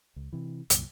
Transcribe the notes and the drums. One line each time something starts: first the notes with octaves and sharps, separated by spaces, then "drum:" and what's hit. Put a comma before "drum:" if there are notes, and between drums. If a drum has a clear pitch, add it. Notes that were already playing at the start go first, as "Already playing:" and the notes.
C#2
C3 E3
C2 F#2 A#2, drum: hi-hat